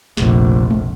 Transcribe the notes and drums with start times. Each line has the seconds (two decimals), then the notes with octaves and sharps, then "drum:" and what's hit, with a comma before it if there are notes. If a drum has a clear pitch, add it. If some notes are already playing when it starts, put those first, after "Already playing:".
0.17 F1 A#1, drum: snare
0.71 drum: tom G#3